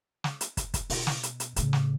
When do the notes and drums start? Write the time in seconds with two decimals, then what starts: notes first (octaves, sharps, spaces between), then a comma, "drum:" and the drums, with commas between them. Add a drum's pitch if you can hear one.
0.24 drum: snare
0.41 drum: hi-hat
0.57 drum: kick, hi-hat
0.74 drum: kick, hi-hat
0.90 B2, drum: open hi-hat
1.07 drum: snare
1.23 drum: hi-hat
1.40 drum: hi-hat
1.56 A2 C#3, drum: hi-hat
1.73 drum: snare